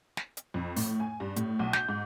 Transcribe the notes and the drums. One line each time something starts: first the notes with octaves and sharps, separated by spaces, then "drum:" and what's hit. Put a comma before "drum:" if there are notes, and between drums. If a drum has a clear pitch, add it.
drum: snare
drum: hi-hat
F2
A2, drum: open hi-hat
G#5
G2
A2, drum: hi-hat
B1
G6, drum: snare
G#2